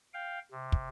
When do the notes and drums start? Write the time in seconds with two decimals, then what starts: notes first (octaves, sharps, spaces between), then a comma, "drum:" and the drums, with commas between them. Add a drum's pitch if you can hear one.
0.14 F5 G5
0.52 C3
0.72 drum: kick